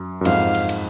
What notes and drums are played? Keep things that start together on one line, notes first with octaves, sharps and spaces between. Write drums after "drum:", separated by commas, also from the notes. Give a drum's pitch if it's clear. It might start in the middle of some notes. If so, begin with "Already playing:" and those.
Already playing: F#2
F#2
F2 G#2 F5, drum: cymbal
drum: cymbal
drum: cymbal